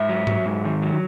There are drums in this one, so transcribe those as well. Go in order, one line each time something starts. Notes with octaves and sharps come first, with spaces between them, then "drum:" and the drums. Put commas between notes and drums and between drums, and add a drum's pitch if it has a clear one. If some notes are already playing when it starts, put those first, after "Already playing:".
Already playing: G#2 E5
F#3
F#3, drum: tom G#2
G#2
D#3
F#3